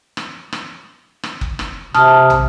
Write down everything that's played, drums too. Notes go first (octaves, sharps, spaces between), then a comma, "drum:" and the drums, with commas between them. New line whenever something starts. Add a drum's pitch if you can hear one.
drum: rim click
drum: rim click
drum: rim click
drum: kick F#1
drum: rim click
C3 A5 D#6 F6, drum: rim click
drum: tom